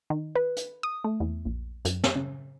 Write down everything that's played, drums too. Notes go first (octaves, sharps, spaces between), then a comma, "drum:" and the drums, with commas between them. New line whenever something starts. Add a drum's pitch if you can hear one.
D#3
B4
drum: hi-hat
D#6
A3
E2
A#1
F#2, drum: hi-hat
drum: snare
C#3